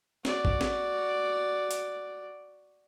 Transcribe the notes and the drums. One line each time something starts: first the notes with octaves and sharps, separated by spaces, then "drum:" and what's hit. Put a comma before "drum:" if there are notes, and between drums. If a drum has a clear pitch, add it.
F#4 D5, drum: snare
drum: kick A1
drum: snare
drum: hi-hat